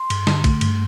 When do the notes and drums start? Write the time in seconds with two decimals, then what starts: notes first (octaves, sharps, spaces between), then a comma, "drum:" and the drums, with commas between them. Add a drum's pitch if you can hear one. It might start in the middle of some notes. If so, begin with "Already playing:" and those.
Already playing: C6
0.10 G2, drum: cymbal
0.27 D3, drum: snare
0.44 A3, drum: kick, cymbal
0.61 G2, drum: cymbal